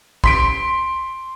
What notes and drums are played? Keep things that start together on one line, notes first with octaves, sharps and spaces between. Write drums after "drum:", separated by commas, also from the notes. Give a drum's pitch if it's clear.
C6 B6 D7, drum: kick